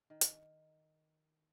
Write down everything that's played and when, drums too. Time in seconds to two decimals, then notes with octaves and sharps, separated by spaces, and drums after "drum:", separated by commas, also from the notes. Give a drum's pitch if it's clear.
0.10 D#3
0.21 drum: hi-hat